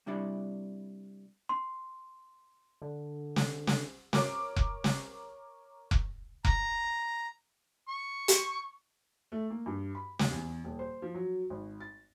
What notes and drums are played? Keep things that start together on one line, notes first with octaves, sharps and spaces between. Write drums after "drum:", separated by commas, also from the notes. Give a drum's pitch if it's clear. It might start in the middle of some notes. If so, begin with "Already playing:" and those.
C3 G3 D4 E4 D5
C6
D3
drum: snare
drum: snare
A#4 C#5 D6, drum: snare
drum: kick F1
drum: snare
drum: kick F1
A#5, drum: kick F1
C#6
drum: hi-hat
A3
A#3
G2
B5
D#2, drum: snare
E2
D#1
C5
F3
F#3
G#1
A6